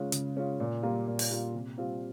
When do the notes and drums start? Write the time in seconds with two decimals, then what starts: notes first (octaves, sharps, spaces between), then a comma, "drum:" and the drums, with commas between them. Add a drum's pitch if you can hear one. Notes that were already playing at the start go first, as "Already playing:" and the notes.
Already playing: C#3 G#3 C#4 F4
0.12 C#3, drum: hi-hat
0.36 G#3 C#4 F4
0.60 A#2
0.83 G3 A#3 F4
1.07 A#2
1.19 drum: open hi-hat
1.30 G3 A#3 F4
1.54 C3
1.78 G3 C4 F4